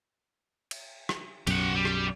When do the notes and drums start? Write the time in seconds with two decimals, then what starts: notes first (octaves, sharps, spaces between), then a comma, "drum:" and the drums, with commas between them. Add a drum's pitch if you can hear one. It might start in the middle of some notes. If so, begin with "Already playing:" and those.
0.71 drum: cymbal
1.09 drum: rim click
1.47 B1 F#2 G4 F#5, drum: cymbal
1.75 G3
1.85 drum: rim click